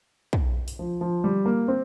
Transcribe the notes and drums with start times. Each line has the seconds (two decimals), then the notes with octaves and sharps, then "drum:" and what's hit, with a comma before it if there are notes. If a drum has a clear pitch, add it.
0.33 drum: kick
0.68 drum: open hi-hat
0.79 F3
1.01 F3
1.24 G3
1.46 A#3
1.68 C4